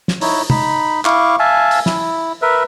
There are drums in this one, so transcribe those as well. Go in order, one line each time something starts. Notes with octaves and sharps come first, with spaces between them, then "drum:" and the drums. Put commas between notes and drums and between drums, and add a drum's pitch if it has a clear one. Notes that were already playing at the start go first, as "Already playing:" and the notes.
drum: snare
D#4 E4 C#5, drum: open hi-hat
D#4 B5, drum: tom
E4 F5 C#6 D6, drum: clap
E5 F5 G#5 A5
drum: open hi-hat
E4, drum: snare
A#4 B4 E5